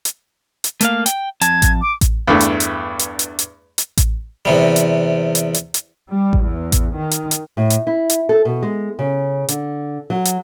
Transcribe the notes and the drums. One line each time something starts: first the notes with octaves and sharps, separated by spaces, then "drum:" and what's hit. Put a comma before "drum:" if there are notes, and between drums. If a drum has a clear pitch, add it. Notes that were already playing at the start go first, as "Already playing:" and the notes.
drum: hi-hat
drum: hi-hat
A3 A#3 F5, drum: hi-hat
G5, drum: hi-hat
F2 A5 G#6, drum: hi-hat
drum: kick A1, hi-hat
D6
drum: kick A1, hi-hat
E2 G2 A3
drum: hi-hat
drum: hi-hat
drum: hi-hat
drum: hi-hat
drum: hi-hat
drum: hi-hat
drum: kick A1, hi-hat
E2 C3 G3
drum: hi-hat
drum: hi-hat
drum: hi-hat
drum: hi-hat
G3
drum: kick A1
E2
drum: kick A1, hi-hat
D#3
drum: hi-hat
drum: hi-hat
A2
drum: hi-hat
E4
drum: hi-hat
A4
B2
G#3
C#3
D3, drum: hi-hat
F#3
drum: hi-hat